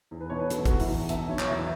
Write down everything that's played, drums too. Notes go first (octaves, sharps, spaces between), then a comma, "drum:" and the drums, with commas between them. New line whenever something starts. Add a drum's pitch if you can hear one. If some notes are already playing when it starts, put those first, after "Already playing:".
E2
B4
B2 C#5
B4
F#3 A4, drum: hi-hat
E2 F#4, drum: kick, hi-hat
E4, drum: open hi-hat
E2
B2 E5, drum: hi-hat
F#3 C#5
drum: clap
E2 E5